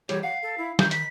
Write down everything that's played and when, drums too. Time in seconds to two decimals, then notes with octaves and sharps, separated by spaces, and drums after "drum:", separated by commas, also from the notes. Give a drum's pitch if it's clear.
0.09 E3 G3 G4 C#5, drum: hi-hat
0.23 F5 F#5
0.43 A4
0.58 E4
0.79 D#3 G6, drum: snare
0.91 B6, drum: hi-hat